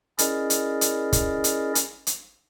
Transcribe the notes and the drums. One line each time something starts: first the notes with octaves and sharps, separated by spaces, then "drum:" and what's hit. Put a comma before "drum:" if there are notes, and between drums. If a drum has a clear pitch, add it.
C#4 E4 G#4 A#4 D5 D#5, drum: hi-hat
drum: hi-hat
drum: hi-hat
drum: kick, hi-hat
drum: hi-hat
drum: hi-hat
drum: hi-hat